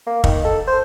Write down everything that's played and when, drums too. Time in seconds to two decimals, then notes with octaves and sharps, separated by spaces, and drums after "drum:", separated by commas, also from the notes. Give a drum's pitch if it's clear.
0.06 A#3
0.24 D#3, drum: kick
0.44 A4
0.67 C5